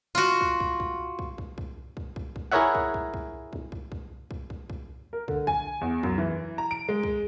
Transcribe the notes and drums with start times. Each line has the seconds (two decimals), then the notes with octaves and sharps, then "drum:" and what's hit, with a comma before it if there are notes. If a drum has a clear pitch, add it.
0.15 F4 F#4
0.41 drum: kick
0.60 drum: kick
0.80 drum: kick
1.19 drum: kick
1.38 drum: kick
1.58 drum: kick
1.97 drum: kick
2.16 drum: kick
2.36 drum: kick
2.52 E4 G#4 A#4 C#5 E5 F#5
2.75 drum: kick
2.94 drum: kick
3.14 drum: kick
3.53 drum: kick
3.72 drum: kick
3.92 drum: kick
4.31 drum: kick
4.50 drum: kick
4.70 drum: kick
5.13 A#4
5.28 D3, drum: kick
5.47 G#5, drum: kick
5.81 E2
6.03 F#2, drum: kick
6.18 E3
6.58 A#5
6.71 D7
6.89 G#3
7.03 drum: kick